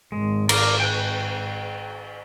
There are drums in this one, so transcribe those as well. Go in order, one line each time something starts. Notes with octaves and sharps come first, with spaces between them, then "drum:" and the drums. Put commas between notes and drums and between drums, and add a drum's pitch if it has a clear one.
G#1 G#3
A#4 D5 F5, drum: cymbal
G5 G#5 F#6